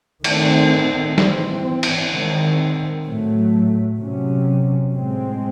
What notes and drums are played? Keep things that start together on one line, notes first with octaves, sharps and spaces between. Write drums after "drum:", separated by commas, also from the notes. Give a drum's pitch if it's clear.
D#3 A3 C4, drum: cymbal
E3 C4, drum: snare
drum: cymbal
D#3 G#3 C4
A2 F#3 A3
C3 F#3 C#4
A2 G#3 C4